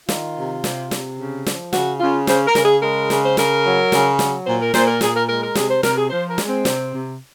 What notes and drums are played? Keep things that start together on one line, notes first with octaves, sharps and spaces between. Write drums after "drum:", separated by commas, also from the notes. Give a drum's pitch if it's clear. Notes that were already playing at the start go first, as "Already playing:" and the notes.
D#3 F4, drum: snare
C3
C3, drum: snare
C3, drum: snare
C#3
F3, drum: snare
C#3 F#4, drum: snare
C#3 F4
C#3 C5, drum: snare
A#4
C#3, drum: snare
G#4
G#3 A#4
C#3, drum: snare
C5
C#3 A#4, drum: snare
F#3
C#3, drum: snare
F#3, drum: snare
A#2 C5
A#4
A#2 C5, drum: snare
A#4
A#2 G#4, drum: snare
A#4
G#3 A#4
A#4
C3 G#4, drum: snare
C5
C3 A#4, drum: snare
G#4
F3 C5
A#4
G#3, drum: snare
C4
C3, drum: snare
C3